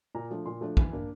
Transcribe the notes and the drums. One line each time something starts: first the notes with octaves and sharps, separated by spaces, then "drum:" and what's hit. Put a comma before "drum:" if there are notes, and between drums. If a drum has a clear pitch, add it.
A#2 A#5
F3 A3 D4
A#2 C6
F3 A3 D4
E3, drum: kick A#1
A#3 D4